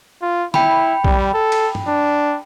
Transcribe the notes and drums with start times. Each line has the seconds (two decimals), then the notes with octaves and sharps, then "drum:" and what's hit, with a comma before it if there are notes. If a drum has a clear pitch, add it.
0.22 F4
0.54 E4 G5 B5, drum: snare
1.05 G3, drum: kick
1.34 A4
1.52 drum: cymbal
1.75 drum: tom
1.88 D4